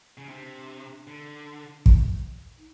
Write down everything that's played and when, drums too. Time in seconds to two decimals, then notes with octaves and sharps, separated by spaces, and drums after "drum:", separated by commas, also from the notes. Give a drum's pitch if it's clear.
0.18 C#3
0.29 C3 D4
1.07 D3
1.86 drum: kick
2.57 D#4